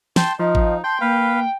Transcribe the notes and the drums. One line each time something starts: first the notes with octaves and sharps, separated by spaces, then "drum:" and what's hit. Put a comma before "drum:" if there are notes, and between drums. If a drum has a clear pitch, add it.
G5 A5 C6, drum: snare
F3 D#4 D#5
drum: kick A1
G5 A5 C6
A#3 B4 F5